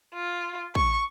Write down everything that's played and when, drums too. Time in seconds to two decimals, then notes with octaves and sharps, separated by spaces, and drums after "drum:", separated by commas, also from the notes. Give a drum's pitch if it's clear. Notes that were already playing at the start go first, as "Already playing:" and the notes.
0.14 F4
0.75 C#6, drum: kick